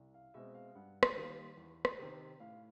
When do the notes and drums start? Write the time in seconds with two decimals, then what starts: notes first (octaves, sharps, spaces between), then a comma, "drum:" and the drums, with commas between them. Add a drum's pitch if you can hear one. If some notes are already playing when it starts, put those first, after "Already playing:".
Already playing: C2
0.14 F5
0.34 B2 G#3 C4 E5
0.55 F5
0.75 G2 F#5
1.03 drum: rim click
1.16 D#3 G3 A#3
1.57 E2
1.85 drum: rim click
1.98 C3 D#3
2.40 A2 F5